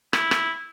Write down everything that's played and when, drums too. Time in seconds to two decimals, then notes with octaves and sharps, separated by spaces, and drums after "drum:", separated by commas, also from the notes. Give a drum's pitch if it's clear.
0.13 E4, drum: rim click
0.31 drum: rim click